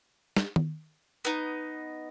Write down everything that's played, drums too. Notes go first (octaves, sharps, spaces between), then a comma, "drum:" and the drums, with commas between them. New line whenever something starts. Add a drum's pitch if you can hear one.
drum: snare
drum: tom D#3
B3 D#4